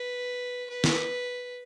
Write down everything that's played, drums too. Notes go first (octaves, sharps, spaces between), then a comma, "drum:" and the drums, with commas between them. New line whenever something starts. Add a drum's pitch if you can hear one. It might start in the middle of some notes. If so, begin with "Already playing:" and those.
Already playing: B4
B4
drum: snare